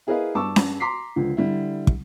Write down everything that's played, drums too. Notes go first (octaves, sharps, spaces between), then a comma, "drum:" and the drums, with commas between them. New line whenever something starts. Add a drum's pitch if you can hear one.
E4 G#4 A#4 B4 D#5 F5
G2 A5 C#6 D6 E6
drum: snare C#4
A#5 C6 D6 B6 C7
C#2 D3 F3
D3 G3 E4
drum: kick